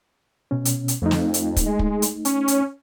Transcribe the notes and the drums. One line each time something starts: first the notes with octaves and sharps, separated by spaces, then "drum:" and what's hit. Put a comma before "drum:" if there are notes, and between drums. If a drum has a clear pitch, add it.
B2 C#4
drum: hi-hat
drum: hi-hat
F2 A3 D#4
drum: snare
drum: hi-hat
drum: kick, hi-hat
G#3
drum: kick
drum: hi-hat
C#4, drum: hi-hat
drum: hi-hat